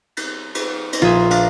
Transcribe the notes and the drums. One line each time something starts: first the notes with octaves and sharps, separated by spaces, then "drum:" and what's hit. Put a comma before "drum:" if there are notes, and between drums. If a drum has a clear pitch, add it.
drum: cymbal
drum: cymbal
drum: cymbal
A#1 F4 G#4 E5
D4 F5, drum: cymbal